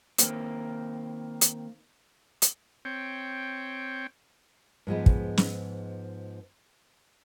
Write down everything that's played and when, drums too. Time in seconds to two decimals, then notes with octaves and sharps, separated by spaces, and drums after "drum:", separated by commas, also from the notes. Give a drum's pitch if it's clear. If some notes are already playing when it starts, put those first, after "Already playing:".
0.18 D#3 A#3 C4, drum: hi-hat
1.41 drum: hi-hat
2.42 drum: hi-hat
2.85 C4 C#5 G5
4.87 G#2 F3 G#3 B3
5.06 drum: kick
5.37 drum: snare